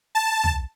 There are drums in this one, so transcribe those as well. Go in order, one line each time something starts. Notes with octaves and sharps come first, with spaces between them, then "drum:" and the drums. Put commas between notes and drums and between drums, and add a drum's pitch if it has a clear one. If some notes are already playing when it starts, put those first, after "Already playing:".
A5
drum: tom